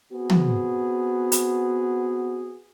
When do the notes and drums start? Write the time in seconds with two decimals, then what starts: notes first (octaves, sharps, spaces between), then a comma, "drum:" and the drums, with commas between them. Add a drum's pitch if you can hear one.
0.13 B3 C4 F#4 G#4
0.30 drum: tom
1.32 drum: hi-hat